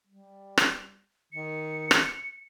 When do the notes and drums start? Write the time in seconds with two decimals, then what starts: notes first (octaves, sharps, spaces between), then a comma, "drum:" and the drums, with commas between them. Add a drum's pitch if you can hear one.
0.08 G3
0.58 drum: rim click
1.33 D#3 C#7
1.91 drum: rim click